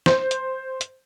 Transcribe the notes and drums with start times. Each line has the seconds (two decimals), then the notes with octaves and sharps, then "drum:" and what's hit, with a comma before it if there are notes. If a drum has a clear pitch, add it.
0.06 C5, drum: snare
0.31 drum: hi-hat
0.81 drum: hi-hat